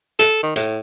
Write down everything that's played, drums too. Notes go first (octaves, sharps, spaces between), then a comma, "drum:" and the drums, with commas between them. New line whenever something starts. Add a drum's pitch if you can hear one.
A4, drum: hi-hat
D#3
A2, drum: hi-hat